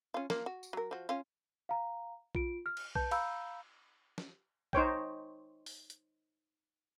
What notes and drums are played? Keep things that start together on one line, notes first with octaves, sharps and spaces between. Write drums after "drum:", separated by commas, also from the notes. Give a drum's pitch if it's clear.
C#4 F4
A#3 F4, drum: snare
F#4
drum: tambourine
F#3 A#4
F3 F#4
C#4 F4
F5 A#5
F4 D7, drum: kick B1
F6
drum: cymbal
B4 A5 G6, drum: kick B1
F5 A#5 B5 E6 G6, drum: cymbal
drum: snare
D#4 C5 C#5 G5, drum: kick B1
drum: open hi-hat
drum: hi-hat